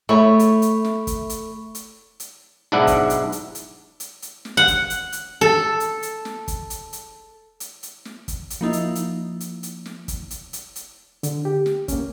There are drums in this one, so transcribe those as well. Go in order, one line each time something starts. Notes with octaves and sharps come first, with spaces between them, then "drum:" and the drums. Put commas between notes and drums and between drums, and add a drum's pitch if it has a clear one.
A3 E4 C#5 B5 C#6
drum: hi-hat
drum: hi-hat
drum: snare
drum: kick, hi-hat
drum: hi-hat
drum: hi-hat
drum: hi-hat
B1 G#2 D4 E4 F#5
drum: kick, hi-hat
drum: hi-hat
drum: hi-hat
drum: hi-hat
drum: hi-hat
drum: hi-hat
drum: snare
F#5
drum: kick, hi-hat
drum: hi-hat
drum: hi-hat
A4
drum: hi-hat
drum: hi-hat
drum: snare
drum: kick, hi-hat
drum: hi-hat
drum: hi-hat
drum: hi-hat
drum: hi-hat
drum: snare
drum: kick, hi-hat
drum: hi-hat
F3 A#3 D#4 E4
drum: hi-hat
drum: hi-hat
drum: hi-hat
drum: hi-hat
drum: snare
drum: kick, hi-hat
drum: hi-hat
drum: hi-hat
drum: hi-hat
D3, drum: hi-hat
G4
drum: snare
A#3 C#4, drum: kick, hi-hat